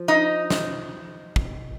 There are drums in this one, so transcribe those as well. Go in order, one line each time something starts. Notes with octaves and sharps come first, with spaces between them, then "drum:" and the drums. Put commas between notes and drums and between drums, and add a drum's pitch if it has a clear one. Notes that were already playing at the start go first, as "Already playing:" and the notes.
Already playing: F3
D#4
drum: snare
drum: kick